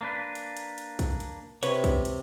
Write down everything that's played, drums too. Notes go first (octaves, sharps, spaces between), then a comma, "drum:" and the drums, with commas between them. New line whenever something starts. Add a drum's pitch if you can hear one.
A#3 D4 B4
drum: hi-hat
drum: hi-hat
drum: hi-hat
drum: kick, hi-hat
drum: hi-hat
C3 B4 C#5, drum: hi-hat
drum: kick, hi-hat
drum: hi-hat